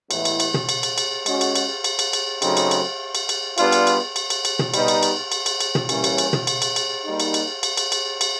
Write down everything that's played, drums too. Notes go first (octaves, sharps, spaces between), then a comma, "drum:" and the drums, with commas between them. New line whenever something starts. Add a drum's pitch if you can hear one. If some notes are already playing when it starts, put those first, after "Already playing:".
A2 E3 G#3 B3 E4, drum: cymbal
drum: cymbal
drum: cymbal
drum: tom
drum: cymbal
drum: cymbal
drum: cymbal
G#3 C#4 F#4, drum: cymbal
drum: cymbal
drum: cymbal
drum: cymbal
drum: cymbal
drum: cymbal
C#3 F#3 A3 C4 D#4, drum: cymbal
drum: cymbal
drum: cymbal
drum: cymbal
drum: cymbal
G3 B3 D4 F4, drum: cymbal
drum: cymbal
drum: cymbal
drum: cymbal
drum: cymbal
drum: cymbal
drum: tom
G3 B3 D#4, drum: cymbal
drum: cymbal
drum: cymbal
drum: cymbal
drum: cymbal
drum: cymbal
drum: tom
E3 G3 A#3 C#4, drum: cymbal
drum: cymbal
drum: cymbal
drum: tom
drum: cymbal
drum: cymbal
drum: cymbal
G3 A#3 D#4
drum: cymbal
drum: cymbal
drum: cymbal
drum: cymbal
drum: cymbal
drum: cymbal